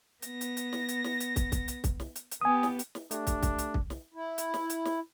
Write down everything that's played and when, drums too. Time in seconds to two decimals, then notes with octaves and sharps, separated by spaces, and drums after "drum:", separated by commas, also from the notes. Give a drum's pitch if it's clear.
0.22 B3 A#6, drum: hi-hat
0.41 drum: hi-hat
0.57 drum: hi-hat
0.73 drum: snare
0.88 drum: hi-hat
1.04 drum: snare
1.20 drum: hi-hat
1.36 drum: kick, hi-hat
1.52 drum: kick, hi-hat
1.68 drum: hi-hat
1.84 drum: kick, hi-hat
2.00 drum: snare
2.15 drum: hi-hat
2.31 drum: hi-hat
2.41 B3 G4 G#5 D#6
2.63 drum: snare
2.79 drum: hi-hat
2.95 drum: snare
3.11 A3 D4 G4, drum: hi-hat
3.27 drum: kick, hi-hat
3.43 drum: kick, hi-hat
3.58 drum: hi-hat
3.74 drum: kick
3.90 drum: snare
4.14 E4
4.38 drum: hi-hat
4.54 drum: snare
4.70 drum: hi-hat
4.85 drum: snare